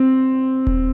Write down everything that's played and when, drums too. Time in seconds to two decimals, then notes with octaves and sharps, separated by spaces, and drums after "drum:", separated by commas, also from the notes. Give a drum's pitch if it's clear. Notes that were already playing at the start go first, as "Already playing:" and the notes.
Already playing: C4
0.67 drum: kick D#1